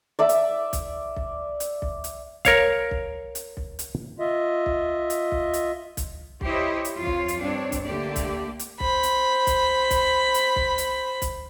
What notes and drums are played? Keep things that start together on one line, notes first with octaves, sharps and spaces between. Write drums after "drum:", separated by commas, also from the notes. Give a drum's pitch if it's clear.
D5 E5 D6
drum: hi-hat
drum: kick B1, hi-hat
drum: kick B1
drum: hi-hat
drum: kick B1
drum: hi-hat
A#4 C#5 F5, drum: kick B1, hi-hat
drum: kick B1
drum: hi-hat
drum: kick B1
drum: hi-hat
F4 D#5 E5
drum: kick B1
drum: hi-hat
drum: kick B1
drum: hi-hat
drum: kick B1, hi-hat
E4 G4 C5 C#5 D#5 E5, drum: kick B1
drum: hi-hat
F2 F4 C#5 F5
drum: kick B1
drum: hi-hat
G2 C4 D4 C#5
drum: kick B1, hi-hat
D3 A3 A#3 G4 D5
drum: kick B1, hi-hat
drum: hi-hat
C5 B5, drum: kick B1
drum: hi-hat
drum: kick B1, hi-hat
drum: kick B1, hi-hat
drum: hi-hat
drum: kick B1
drum: hi-hat
drum: kick B1, hi-hat